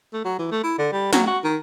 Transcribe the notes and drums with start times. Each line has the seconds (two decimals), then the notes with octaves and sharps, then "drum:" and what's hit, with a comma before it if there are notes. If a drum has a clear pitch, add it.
0.13 A3
0.25 F#3
0.39 E3
0.52 A3
0.63 E4
0.78 D3
0.92 G3
1.13 F#3, drum: snare
1.27 F#4
1.44 D#3